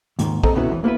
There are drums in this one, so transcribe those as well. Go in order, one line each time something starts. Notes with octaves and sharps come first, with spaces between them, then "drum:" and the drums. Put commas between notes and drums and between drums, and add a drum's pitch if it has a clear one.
D#2 G#2 D#3, drum: hi-hat
C4 A4 C5 D#5 A#5, drum: kick
B2 B3 C#4 E4 F#4
E2 E3
A#3 B3 E4 B4